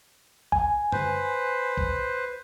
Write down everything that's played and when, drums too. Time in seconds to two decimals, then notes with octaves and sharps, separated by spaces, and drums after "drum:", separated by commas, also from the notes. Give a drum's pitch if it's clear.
0.52 G#5, drum: kick
0.92 B4 C5, drum: tom F#2
1.77 drum: kick